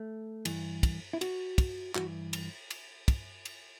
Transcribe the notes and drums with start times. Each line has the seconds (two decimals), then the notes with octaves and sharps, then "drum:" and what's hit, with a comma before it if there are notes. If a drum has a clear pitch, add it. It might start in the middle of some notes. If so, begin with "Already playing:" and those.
Already playing: A3
0.45 G2 E3, drum: cymbal
0.83 drum: kick, cymbal
1.13 E4
1.21 F#4, drum: cymbal
1.58 drum: kick, cymbal
1.95 G2 E3 F#4, drum: clap
2.33 drum: cymbal
2.70 drum: cymbal
3.08 drum: kick, cymbal
3.45 drum: cymbal